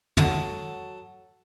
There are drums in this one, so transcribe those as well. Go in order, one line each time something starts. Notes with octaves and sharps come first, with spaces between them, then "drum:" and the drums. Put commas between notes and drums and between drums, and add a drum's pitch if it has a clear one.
F#3 A4 D#6, drum: tom